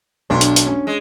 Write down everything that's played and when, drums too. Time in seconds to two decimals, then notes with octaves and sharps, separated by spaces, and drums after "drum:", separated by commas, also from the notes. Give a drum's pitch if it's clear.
0.30 B1 D4 C6
0.41 drum: hi-hat
0.56 drum: hi-hat
0.67 C#4
0.87 G#3